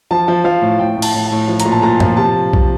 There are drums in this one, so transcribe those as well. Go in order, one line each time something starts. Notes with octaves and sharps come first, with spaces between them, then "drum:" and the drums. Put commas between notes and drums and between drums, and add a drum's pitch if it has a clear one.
F3 A5
F3
F3 F5
A2
A2 G5
A2
A5, drum: cymbal
A2
A5
A2
F3
A#5, drum: hi-hat
A#2
A5
A#2 A#5
F3, drum: tom F#2
C3 A5
drum: kick B1